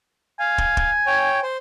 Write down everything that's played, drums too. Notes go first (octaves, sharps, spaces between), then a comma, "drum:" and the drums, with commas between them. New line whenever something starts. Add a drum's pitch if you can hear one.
F5 G#5
drum: kick
drum: kick
C#5 G5
C5